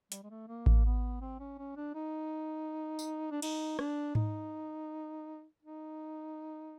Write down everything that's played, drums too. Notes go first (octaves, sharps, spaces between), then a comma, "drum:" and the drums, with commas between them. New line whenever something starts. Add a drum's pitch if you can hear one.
G3, drum: hi-hat
G#3
A3
A#3
drum: kick A1
B3
C4
C#4
C#4
D4
D#4
drum: tambourine
D4
D#4, drum: cymbal
D4, drum: rim click
D#4, drum: tom G#2
D#4